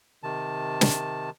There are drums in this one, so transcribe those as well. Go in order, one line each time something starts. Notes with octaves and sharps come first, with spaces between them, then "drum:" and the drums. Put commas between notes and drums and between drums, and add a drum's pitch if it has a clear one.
C3 D#3 A5
drum: snare